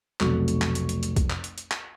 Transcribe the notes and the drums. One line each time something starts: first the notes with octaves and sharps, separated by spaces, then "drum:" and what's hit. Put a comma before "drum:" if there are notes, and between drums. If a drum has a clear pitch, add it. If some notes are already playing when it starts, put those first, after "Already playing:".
F1 B1 C3 A3 F#4 C#6, drum: clap
drum: hi-hat
drum: clap
drum: hi-hat
drum: hi-hat
drum: hi-hat
drum: kick B1, hi-hat
drum: clap
drum: hi-hat
drum: hi-hat
drum: clap